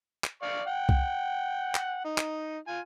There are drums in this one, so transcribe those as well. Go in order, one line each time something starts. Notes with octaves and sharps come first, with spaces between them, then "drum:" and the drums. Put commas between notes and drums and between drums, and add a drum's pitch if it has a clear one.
drum: clap
D5 F5 C#6
F#5 G5
drum: kick C2
drum: clap
D#4
drum: clap
F4 G#5